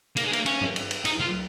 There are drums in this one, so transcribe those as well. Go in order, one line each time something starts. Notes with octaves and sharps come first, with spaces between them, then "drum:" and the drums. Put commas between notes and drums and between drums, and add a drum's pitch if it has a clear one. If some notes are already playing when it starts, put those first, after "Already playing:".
A#3, drum: cymbal
G#3
A#3, drum: cymbal
C#4, drum: cymbal
drum: tom G2
drum: cymbal
drum: cymbal
D#4, drum: cymbal
F4